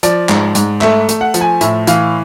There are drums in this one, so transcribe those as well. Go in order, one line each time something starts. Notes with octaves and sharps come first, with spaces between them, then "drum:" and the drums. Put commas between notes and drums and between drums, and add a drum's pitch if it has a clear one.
F3 D5, drum: hi-hat
G#2, drum: clap
G#2, drum: hi-hat
A3 E5, drum: clap
A3, drum: hi-hat
F#5
F3, drum: hi-hat
G#5
A2 E5, drum: hi-hat
E3 F5, drum: hi-hat